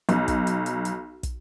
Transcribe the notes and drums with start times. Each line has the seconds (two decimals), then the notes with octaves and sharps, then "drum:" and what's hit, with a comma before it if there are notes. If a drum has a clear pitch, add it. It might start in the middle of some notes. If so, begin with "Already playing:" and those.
0.09 B1, drum: hi-hat
0.28 drum: kick, hi-hat
0.47 drum: hi-hat
0.66 drum: hi-hat
0.85 drum: hi-hat
1.23 drum: kick, hi-hat